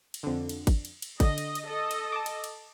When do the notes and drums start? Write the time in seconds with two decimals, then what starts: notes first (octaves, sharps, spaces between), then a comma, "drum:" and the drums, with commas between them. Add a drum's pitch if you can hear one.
0.14 drum: cymbal
0.23 F2 D3
0.49 drum: cymbal
0.67 drum: kick G#1, cymbal
0.85 drum: cymbal
1.02 drum: cymbal
1.20 D3 D#5, drum: kick G#1, cymbal
1.38 drum: cymbal
1.55 drum: cymbal
1.67 A4 D#5
1.91 drum: cymbal
2.12 A5 D6
2.26 drum: cymbal
2.44 drum: cymbal